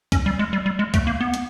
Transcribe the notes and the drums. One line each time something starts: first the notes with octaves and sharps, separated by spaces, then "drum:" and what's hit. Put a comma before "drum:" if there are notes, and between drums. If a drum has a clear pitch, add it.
C#4, drum: kick, hi-hat
G3
G#3
G3
G3
G#3
A3, drum: kick, hi-hat
A#3
B3
drum: hi-hat